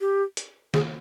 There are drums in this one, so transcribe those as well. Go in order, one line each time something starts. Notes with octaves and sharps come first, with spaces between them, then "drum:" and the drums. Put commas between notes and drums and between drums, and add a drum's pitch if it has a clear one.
G4
drum: hi-hat
G#4, drum: snare